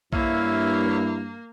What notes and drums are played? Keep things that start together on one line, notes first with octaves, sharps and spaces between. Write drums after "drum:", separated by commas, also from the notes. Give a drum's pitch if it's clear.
G2 A#3 E4 C#5 E5 F5, drum: kick B1